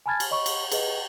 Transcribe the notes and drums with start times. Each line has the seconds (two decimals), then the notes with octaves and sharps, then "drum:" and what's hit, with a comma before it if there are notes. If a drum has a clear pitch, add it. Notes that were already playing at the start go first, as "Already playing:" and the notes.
0.06 G#5 A5 B5 F6 G#6 A6
0.20 drum: cymbal
0.30 C#5 D#5 B5 C#6
0.46 drum: cymbal
0.72 G#4 B4 D#5, drum: cymbal